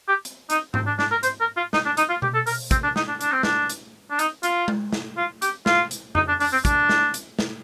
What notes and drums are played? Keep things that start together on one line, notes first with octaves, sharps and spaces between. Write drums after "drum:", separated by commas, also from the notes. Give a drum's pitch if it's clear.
G4
drum: hi-hat
D#4, drum: hi-hat
C4, drum: tom G#2
D4
D4, drum: snare
A#4
C5, drum: hi-hat
A#4
F4
D#4, drum: snare
D4
D#4, drum: hi-hat
F4
G4, drum: tom B2
A4
A#4, drum: open hi-hat
C4, drum: kick, hi-hat
D4
D#4, drum: snare
D4
D4, drum: hi-hat
C4
D4, drum: snare
drum: hi-hat
D4
D#4, drum: hi-hat
F4, drum: hi-hat
drum: tom G#3
drum: snare
F4
G4, drum: hi-hat
F4, drum: snare
drum: hi-hat
D#4, drum: tom F2
D4
D4, drum: open hi-hat
C4
D4, drum: kick, hi-hat
drum: snare
drum: hi-hat
drum: snare